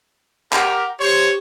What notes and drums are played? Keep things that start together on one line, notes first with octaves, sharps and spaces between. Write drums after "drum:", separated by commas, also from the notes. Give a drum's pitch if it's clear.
G4 A#4 F#5, drum: clap
G4 C5 C#5